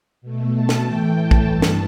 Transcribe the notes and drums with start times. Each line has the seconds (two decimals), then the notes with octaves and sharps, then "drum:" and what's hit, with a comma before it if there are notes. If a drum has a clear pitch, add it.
0.22 B2 A3
0.54 A5
0.69 drum: snare
0.84 A2 E3 A3 G5
1.15 A5
1.31 drum: kick
1.47 G2 E3 A3 A5
1.62 drum: snare